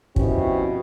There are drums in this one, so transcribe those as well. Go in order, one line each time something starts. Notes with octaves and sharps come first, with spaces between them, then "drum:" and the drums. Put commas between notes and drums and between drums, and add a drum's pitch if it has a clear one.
B2 F3 C4 C#4 E4 G4, drum: kick